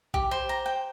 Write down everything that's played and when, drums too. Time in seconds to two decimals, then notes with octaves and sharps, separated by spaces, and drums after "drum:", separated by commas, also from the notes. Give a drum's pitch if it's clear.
0.14 G4, drum: kick A#1
0.31 C5
0.49 A#5
0.66 G5